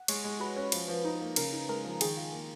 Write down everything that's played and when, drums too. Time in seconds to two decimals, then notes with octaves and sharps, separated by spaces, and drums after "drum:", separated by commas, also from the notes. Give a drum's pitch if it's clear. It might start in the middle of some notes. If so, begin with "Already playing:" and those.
Already playing: F#5
0.08 G#3 C#5, drum: cymbal
0.24 G#3
0.40 F#4 B4
0.56 C#4
0.72 F3, drum: cymbal
0.88 F3
1.05 D#4
1.21 A#3
1.36 C#3 A#4, drum: cymbal
1.53 D#4
1.68 G#3 A#4
1.85 F3
2.01 D#3 G#4, drum: cymbal
2.17 F4
2.32 A#3